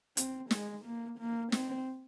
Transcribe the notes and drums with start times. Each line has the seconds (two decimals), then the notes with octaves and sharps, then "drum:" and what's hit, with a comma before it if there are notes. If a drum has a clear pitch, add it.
0.17 C4, drum: hi-hat
0.51 G#3, drum: snare
0.85 A#3
1.19 A#3
1.52 C4, drum: snare